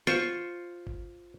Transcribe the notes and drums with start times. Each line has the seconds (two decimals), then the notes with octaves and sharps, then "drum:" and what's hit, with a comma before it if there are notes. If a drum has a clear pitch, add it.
0.07 F4 C5 C#6
0.87 drum: kick G#1